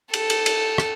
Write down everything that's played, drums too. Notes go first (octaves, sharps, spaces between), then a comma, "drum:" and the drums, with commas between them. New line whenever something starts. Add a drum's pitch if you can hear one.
A4, drum: cymbal
drum: cymbal
drum: cymbal
drum: rim click